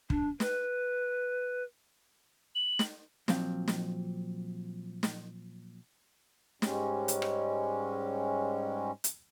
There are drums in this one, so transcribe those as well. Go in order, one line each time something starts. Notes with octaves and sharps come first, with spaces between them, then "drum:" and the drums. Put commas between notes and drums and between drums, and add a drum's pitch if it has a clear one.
D4, drum: kick
B4, drum: snare
F#7
drum: snare
A#2 F3 F#3 C4 F5, drum: snare
drum: snare
drum: snare
G#2 G3 G#3 C#4, drum: snare
drum: hi-hat
drum: rim click
drum: hi-hat